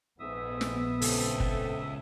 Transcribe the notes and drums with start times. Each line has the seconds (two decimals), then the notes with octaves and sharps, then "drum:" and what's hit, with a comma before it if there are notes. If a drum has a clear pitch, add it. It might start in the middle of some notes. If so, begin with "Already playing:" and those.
0.19 A#1 F2 G#2 B3 E5 D#6
0.61 drum: snare
1.02 C#2 C4 A4, drum: open hi-hat
1.40 drum: kick